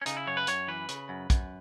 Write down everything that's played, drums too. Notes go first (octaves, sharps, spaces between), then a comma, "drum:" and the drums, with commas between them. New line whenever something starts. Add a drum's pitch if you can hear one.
C#4
C#3 D#4, drum: hi-hat
E4
F#2 C#5
B4
F#2 C#5, drum: hi-hat
E3 B4
C#3, drum: hi-hat
F#2
F#2, drum: kick, hi-hat